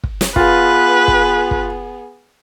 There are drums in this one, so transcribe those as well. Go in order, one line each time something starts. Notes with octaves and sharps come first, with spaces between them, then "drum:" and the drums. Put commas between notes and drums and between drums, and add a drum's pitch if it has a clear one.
drum: kick
drum: snare
B3 F4 G#4 B4, drum: kick
drum: kick
drum: kick